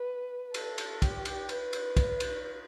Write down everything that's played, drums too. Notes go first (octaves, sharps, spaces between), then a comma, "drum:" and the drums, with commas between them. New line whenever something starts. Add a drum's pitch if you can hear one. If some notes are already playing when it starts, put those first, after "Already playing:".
Already playing: B4
A4, drum: cymbal
drum: cymbal
G4, drum: kick, cymbal
drum: cymbal
B4, drum: cymbal
drum: cymbal
drum: kick, cymbal
drum: cymbal